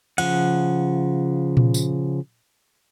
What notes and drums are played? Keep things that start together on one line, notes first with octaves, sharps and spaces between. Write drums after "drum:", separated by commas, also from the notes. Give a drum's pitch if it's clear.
C#3 F3 F#5, drum: cymbal
drum: tom A#2
drum: tambourine